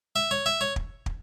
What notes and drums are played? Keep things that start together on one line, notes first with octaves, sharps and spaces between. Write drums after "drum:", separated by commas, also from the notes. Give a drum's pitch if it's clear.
E5
C#5
E5
C#5
drum: kick
drum: kick